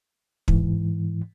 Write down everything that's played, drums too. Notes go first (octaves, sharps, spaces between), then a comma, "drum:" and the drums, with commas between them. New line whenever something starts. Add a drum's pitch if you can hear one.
G#2 E3, drum: kick